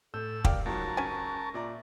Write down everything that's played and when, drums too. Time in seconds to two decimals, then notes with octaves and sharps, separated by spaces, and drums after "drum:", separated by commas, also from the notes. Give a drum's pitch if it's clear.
0.14 A2 A4 E6 G6
0.45 G4 A#4 D5 F5, drum: kick
0.66 C#2 G#2 F#3 A#4 A5 C#6
0.97 C#4 G#5
1.54 A#2 D5 E5 A#5